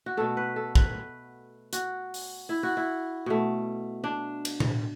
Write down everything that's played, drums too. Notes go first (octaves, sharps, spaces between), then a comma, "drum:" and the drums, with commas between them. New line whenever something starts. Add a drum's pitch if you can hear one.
F#4
B2 A3 A4
B4
A4
B4, drum: kick
F#4, drum: hi-hat
drum: open hi-hat
E4
F#4
E4
B2 A3
D4
drum: cymbal
drum: tom B2